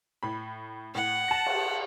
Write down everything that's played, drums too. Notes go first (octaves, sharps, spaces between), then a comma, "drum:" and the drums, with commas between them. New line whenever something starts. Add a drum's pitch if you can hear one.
A2 B5
A2 F#5
A5 A#6
drum: cymbal